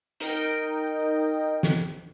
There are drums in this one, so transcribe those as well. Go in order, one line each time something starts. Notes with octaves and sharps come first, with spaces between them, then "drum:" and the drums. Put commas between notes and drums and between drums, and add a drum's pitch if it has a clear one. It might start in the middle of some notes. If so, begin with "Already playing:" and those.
D#4 A#4 D#5 G5, drum: hi-hat
drum: snare